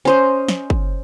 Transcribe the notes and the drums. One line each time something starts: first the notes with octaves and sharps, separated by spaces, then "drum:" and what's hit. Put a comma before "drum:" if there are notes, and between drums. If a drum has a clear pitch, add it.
C#4 C5 D#5
drum: snare
drum: kick